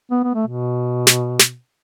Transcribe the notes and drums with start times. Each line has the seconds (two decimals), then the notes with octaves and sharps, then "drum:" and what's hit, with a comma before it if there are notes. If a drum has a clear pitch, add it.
0.11 B3
0.24 B3
0.35 A3
0.47 B2
1.07 drum: snare
1.39 drum: snare